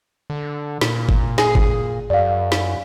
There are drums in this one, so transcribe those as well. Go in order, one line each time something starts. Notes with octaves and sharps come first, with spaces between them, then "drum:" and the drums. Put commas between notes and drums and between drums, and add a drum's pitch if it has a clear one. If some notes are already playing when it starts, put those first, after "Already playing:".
D3
A#2, drum: snare
drum: kick G1
G#4, drum: snare
drum: kick G1
F#2 D5 F5
drum: snare